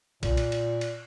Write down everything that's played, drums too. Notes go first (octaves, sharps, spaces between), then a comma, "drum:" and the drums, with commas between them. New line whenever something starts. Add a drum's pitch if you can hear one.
A#2, drum: kick B1, cymbal
drum: cymbal
drum: cymbal
drum: cymbal